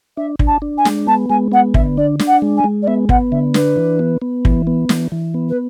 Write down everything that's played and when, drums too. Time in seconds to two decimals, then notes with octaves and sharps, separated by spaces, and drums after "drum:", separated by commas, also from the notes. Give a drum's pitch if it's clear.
0.17 D4 E5
0.39 D4, drum: kick
0.47 A5
0.62 D4
0.77 G#5
0.85 G#3, drum: snare
1.07 B3 A5
1.29 G#3 G#5
1.52 B3 F#5
1.74 D3 E5, drum: kick
1.97 D4 D5
2.19 D4, drum: snare
2.27 F#5
2.42 G#3
2.57 G#5
2.64 G#3
2.82 D5
2.87 B3 E5
3.09 B3 F#5, drum: kick
3.32 D3 E5
3.54 D4 B4, drum: snare
3.76 E3
3.99 B3
4.22 B3
4.45 E3, drum: kick
4.67 B3
4.89 E3, drum: snare
5.12 E3
5.34 B3
5.49 B4